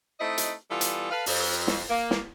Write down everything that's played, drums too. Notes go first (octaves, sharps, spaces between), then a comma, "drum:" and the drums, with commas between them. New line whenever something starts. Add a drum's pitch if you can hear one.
A3 C4 D#4 E4 D#5
drum: hi-hat
E3 G3 B3 F4 A4
drum: hi-hat
A4 B4 F5
F2, drum: open hi-hat
drum: snare
A#3
drum: snare